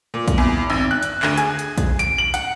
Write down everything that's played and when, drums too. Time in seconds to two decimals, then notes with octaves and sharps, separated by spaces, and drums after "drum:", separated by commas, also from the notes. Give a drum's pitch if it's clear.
0.14 A#2
0.28 drum: kick, hi-hat
0.38 E2
0.70 G#1
0.91 F#6
1.03 drum: hi-hat
1.23 D2, drum: clap
1.38 G#4, drum: hi-hat
1.59 drum: hi-hat
1.78 drum: kick, hi-hat
1.99 D7, drum: hi-hat
2.18 F#7
2.34 F#5, drum: hi-hat